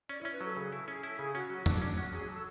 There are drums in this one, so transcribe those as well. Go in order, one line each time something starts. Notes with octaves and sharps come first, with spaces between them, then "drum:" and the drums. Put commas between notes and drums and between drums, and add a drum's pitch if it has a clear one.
C#4 D5
C#4 E4
B4
F#3 A4
C#3 G#4
E4 A4
C#4 G#4
E4 A4
C#3 G#4
C#4 F#4
F#3 F#4
F#3 D4, drum: tom
C#4 D4
C#4 F#4
F#3 G#4
F#3 A4